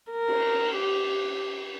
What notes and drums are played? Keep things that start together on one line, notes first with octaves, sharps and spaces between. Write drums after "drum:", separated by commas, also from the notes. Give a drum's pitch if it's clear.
A#4
drum: cymbal
G4